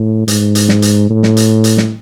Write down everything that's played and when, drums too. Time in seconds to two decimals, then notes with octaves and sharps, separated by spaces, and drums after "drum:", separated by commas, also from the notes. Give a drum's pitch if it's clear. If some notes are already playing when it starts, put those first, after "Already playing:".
Already playing: A2
0.28 G#2, drum: hi-hat
0.55 drum: hi-hat
0.69 drum: snare
0.82 drum: hi-hat
1.10 A2
1.23 drum: snare
1.37 drum: hi-hat
1.64 drum: hi-hat
1.77 drum: snare